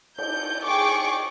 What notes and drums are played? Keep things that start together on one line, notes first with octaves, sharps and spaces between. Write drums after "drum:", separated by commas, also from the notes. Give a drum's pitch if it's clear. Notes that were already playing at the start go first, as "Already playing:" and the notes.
G6, drum: cymbal
G#4 G5 C#6 D6